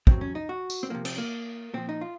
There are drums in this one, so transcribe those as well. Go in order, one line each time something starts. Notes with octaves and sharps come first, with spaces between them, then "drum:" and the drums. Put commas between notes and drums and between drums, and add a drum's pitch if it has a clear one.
C3 F#3 C4, drum: kick
C#4
D#4
F#4
drum: tambourine
C4
C3 F3 A#3
C4, drum: cymbal
A#3
A#2 F3 C4
D#4
F4